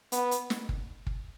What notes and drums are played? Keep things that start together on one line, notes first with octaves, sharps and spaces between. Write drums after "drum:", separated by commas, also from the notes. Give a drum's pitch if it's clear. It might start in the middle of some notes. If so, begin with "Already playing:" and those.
B3, drum: hi-hat
drum: hi-hat
drum: snare
drum: kick
drum: kick